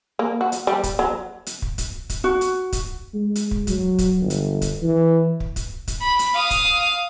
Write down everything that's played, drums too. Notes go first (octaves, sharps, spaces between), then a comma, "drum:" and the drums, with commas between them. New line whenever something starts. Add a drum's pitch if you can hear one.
A#3
F#4
drum: hi-hat
G3
drum: kick, hi-hat
F#3
drum: hi-hat
drum: kick
drum: kick, hi-hat
drum: kick, hi-hat
F#4
drum: hi-hat
drum: kick, hi-hat
G#3
drum: hi-hat
drum: kick
F#3, drum: kick, hi-hat
drum: kick, hi-hat
G1
drum: hi-hat
drum: kick, hi-hat
E3
drum: kick
drum: kick, hi-hat
drum: kick, hi-hat
B5
drum: hi-hat
F5 D#6
drum: kick, hi-hat